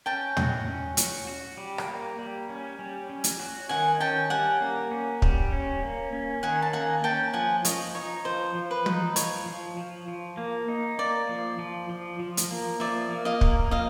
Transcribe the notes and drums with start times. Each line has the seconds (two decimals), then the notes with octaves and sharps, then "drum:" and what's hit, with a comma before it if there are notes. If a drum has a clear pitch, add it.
0.06 C#4 G5 A5
0.37 F#4, drum: tom
0.67 C#4
0.97 F#4, drum: hi-hat
1.27 F#4
1.57 G3
1.78 drum: rim click
1.88 A#3
2.19 G3
2.49 C#4
2.79 G3
3.10 C#4
3.24 drum: hi-hat
3.40 F#4
3.69 D#3 F#5 G#5
4.00 C#4 G5 A5
4.30 G3 F#5 G#5
4.61 A#3
4.91 C#4
5.22 G3, drum: kick
5.52 C#4
5.82 A#3
6.13 C#4
6.43 D#3 F#5 G#5
6.62 A5
6.73 A#3 F#5 G#5
7.04 C#4 G5 A5
7.33 F3 F#5 G#5
7.65 F3 C#5 D#5, drum: hi-hat
7.95 D#4 C#5
8.25 F3 C5
8.55 F3
8.71 B4
8.86 D#4, drum: tom
9.16 F3 C#5, drum: hi-hat
9.46 F3
9.77 F3
10.08 F3
10.37 A#3
10.68 D#4
10.99 A#3 D5
11.29 F3
11.59 F3
11.90 F3
12.20 F3
12.37 drum: hi-hat
12.51 A#3
12.80 F3 D5 E5
13.11 A#3
13.25 D#5 F5
13.41 A#3, drum: kick
13.71 F3 D#5 F5